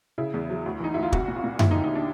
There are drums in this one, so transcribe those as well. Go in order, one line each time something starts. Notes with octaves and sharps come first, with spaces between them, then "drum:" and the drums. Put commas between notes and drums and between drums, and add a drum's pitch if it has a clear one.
C#3 E4
E2
F#3
D2
E3 D#4
D2 E4
F4
C2 F#4, drum: kick
A#2
F4
A#2
D#2 E4, drum: tom F#2
D#4
D3
D#4
D4